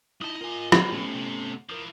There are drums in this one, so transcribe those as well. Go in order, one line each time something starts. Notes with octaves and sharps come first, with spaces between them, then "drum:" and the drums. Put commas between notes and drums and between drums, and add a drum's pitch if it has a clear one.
D#4 E4 D#5 A5 D#6
F4 A#4 G#5
A#3 B3 G4, drum: rim click
A2 A3 C#4
C3
E3 F3 A#4 D#6